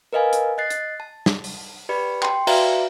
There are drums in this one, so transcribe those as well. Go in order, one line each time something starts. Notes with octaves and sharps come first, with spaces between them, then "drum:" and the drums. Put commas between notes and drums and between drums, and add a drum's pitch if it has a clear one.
A#4 B4 D#5 F5 G#5
drum: hi-hat
D#5 F#6 A6 C7
drum: hi-hat
A5
drum: snare
drum: open hi-hat
G4 B4 D5 B5 C#7
G5 C6, drum: clap
F#4 B4 D5 E5 F5 A#5, drum: cymbal